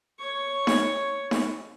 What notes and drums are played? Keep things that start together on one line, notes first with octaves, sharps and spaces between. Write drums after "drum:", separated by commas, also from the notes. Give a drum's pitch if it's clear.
C#5 C#6
drum: snare D#4
drum: snare D#4